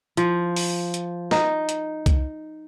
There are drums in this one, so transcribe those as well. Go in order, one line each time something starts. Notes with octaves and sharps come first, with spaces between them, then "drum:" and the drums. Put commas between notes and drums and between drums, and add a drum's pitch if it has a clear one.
F3, drum: hi-hat
drum: open hi-hat
drum: hi-hat
D#4, drum: snare
drum: hi-hat
drum: kick C2, hi-hat